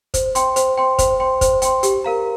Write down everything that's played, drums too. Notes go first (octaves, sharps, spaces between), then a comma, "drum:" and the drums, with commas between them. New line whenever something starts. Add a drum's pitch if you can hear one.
C5, drum: kick, hi-hat
G5 C6, drum: hi-hat
C5, drum: hi-hat
G5 C6
C5, drum: kick, hi-hat
G5 C6
C5, drum: kick, hi-hat
G5 C6, drum: hi-hat
G4, drum: hi-hat
A#4 F5 A#5